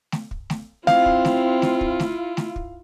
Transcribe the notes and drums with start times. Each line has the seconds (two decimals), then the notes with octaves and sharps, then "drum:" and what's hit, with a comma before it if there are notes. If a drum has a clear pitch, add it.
0.12 drum: snare A3
0.31 drum: kick
0.50 drum: snare A3
0.87 C4 E4 F4 F5, drum: snare A3
1.06 drum: kick
1.25 drum: snare A3
1.62 drum: snare A3
1.81 drum: kick
2.00 drum: snare A3
2.37 drum: snare A3
2.56 drum: kick